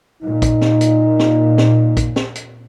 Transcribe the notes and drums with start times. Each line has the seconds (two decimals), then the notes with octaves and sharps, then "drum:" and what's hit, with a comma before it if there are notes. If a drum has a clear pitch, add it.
0.23 A#2 D#4
0.42 drum: kick, hi-hat
0.61 drum: snare
0.81 drum: hi-hat
1.19 drum: snare
1.58 drum: snare
1.97 drum: kick, hi-hat
2.16 drum: snare
2.35 drum: hi-hat